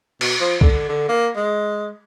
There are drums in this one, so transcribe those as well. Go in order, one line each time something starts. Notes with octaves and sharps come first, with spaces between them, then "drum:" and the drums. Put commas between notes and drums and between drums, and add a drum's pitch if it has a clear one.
B2, drum: cymbal
F3
D3, drum: kick C2
D3
A#3
G#3